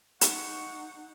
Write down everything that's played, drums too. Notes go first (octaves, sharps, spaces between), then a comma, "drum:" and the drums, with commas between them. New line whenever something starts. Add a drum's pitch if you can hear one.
D#4 F#5 C#6, drum: hi-hat